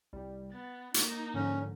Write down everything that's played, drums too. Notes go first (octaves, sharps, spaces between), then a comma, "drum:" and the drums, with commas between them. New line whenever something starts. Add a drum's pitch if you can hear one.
C2 G3
B3 A6
A#3 D#4, drum: hi-hat
G#2 D3 F3 C#4